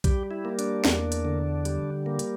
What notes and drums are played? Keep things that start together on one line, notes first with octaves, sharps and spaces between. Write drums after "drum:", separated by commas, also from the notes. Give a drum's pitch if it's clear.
G3 G4, drum: kick, hi-hat
E4
A#3
D4, drum: hi-hat
E2, drum: snare
drum: hi-hat
D3
G3, drum: hi-hat
A#3
drum: hi-hat